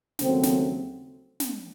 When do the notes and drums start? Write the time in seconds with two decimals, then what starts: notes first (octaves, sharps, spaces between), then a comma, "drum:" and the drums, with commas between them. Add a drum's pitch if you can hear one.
0.19 D#2 C#3 F#3 A3 C4, drum: snare
0.43 drum: snare
1.40 drum: snare